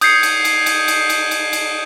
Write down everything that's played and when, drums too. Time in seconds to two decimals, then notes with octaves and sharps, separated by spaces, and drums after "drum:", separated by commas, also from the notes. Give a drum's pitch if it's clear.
0.01 D#6 G6 G#6 C7 C#7, drum: cymbal
0.23 drum: cymbal
0.45 drum: cymbal
0.66 drum: cymbal
0.88 drum: cymbal
1.10 drum: cymbal
1.31 drum: cymbal
1.53 drum: cymbal